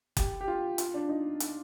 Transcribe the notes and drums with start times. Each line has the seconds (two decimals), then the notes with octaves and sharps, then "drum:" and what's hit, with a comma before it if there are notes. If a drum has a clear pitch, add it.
0.17 G4, drum: kick F#1, hi-hat
0.41 G4
0.48 F4
0.78 F4, drum: hi-hat
0.94 D4
1.09 D#4
1.40 drum: hi-hat